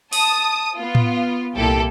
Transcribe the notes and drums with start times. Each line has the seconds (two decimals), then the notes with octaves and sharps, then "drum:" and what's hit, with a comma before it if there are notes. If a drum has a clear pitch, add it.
0.13 A5 D#6, drum: open hi-hat
0.75 B3 F4
0.95 drum: tom A2
1.56 C2 A#2 E4 G4 A4